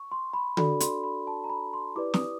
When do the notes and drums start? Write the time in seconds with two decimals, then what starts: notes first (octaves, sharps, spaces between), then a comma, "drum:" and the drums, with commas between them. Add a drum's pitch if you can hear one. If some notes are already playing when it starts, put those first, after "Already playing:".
Already playing: C#6
0.12 C6
0.33 B5
0.57 D4 F#4 A4 D5 B5, drum: tom D3
0.80 C6, drum: hi-hat
1.04 B5
1.27 A5
1.44 A#5
1.50 B5
1.74 C6
1.96 E4 G4 B4 D5 D6
2.14 D#6, drum: snare